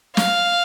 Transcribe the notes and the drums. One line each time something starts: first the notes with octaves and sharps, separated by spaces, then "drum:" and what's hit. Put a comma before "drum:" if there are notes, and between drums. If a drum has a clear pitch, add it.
F5, drum: snare